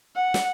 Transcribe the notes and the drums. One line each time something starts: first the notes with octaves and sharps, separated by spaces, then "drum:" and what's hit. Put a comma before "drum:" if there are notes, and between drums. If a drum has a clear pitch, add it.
F#5
drum: snare